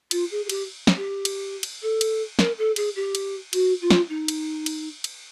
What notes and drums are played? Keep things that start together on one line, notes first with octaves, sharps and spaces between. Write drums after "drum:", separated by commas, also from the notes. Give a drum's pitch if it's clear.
F4, drum: cymbal
G#4
G#4
G4, drum: cymbal
drum: snare
G4
drum: cymbal
drum: cymbal
A4
drum: cymbal
A#4, drum: snare
A4
G#4, drum: cymbal
G4
drum: cymbal
F#4, drum: cymbal
F4
drum: snare
D#4
drum: cymbal
drum: cymbal
drum: cymbal